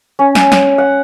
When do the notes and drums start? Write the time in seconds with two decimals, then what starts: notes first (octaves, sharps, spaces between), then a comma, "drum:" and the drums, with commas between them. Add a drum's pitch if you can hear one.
0.19 C#4
0.35 drum: snare
0.52 drum: snare
0.78 F#5